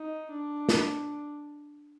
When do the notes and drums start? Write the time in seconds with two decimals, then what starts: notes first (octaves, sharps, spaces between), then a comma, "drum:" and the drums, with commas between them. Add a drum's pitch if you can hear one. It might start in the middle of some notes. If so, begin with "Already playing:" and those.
Already playing: D#4
0.31 D4
0.69 drum: snare